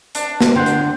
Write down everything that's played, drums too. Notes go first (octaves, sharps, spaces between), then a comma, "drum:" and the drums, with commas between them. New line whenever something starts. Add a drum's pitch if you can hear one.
D4, drum: hi-hat
drum: snare
D3 C5 F#5 G5
drum: hi-hat